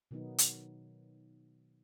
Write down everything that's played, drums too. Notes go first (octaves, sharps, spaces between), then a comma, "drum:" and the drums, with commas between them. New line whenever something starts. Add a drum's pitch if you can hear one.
B2 D#3 F#3 B3 D#4
drum: hi-hat